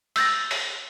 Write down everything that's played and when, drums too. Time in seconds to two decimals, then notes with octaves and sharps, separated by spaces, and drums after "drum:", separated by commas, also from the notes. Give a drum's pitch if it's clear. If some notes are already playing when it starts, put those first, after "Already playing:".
0.16 E6 G6 A6 A#6, drum: open hi-hat
0.51 drum: open hi-hat